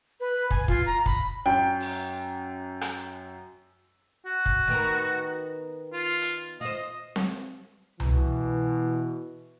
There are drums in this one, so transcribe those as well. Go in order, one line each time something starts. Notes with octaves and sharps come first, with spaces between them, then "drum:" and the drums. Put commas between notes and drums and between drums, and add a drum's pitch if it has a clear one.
B4
G#5, drum: kick
F4, drum: kick
A#5
B5, drum: kick
F#2 G5
drum: open hi-hat
drum: rim click
F#4
drum: kick
D#3 B3 A#4
F4
drum: hi-hat
F4 C5 D#5
drum: snare C4
B2 E3, drum: tom C2